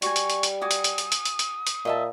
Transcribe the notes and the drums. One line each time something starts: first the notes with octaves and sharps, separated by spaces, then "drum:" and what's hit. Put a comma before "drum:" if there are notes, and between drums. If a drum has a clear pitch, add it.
G3 F#4 G#5 C#6, drum: hi-hat
drum: hi-hat
drum: hi-hat
drum: hi-hat
F#4 G#5 D6 D#6
drum: hi-hat
drum: hi-hat
drum: hi-hat
drum: hi-hat
drum: hi-hat
drum: hi-hat
drum: hi-hat
A#2 D#5 E5 A5